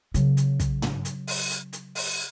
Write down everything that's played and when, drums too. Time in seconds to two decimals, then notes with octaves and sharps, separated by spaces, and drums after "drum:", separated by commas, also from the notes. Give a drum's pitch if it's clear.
0.14 C#3 F#3, drum: hi-hat
0.37 drum: hi-hat
0.60 drum: kick, hi-hat
0.82 drum: tom
1.05 drum: hi-hat
1.27 drum: open hi-hat
1.50 drum: hi-hat
1.73 drum: hi-hat
1.95 drum: open hi-hat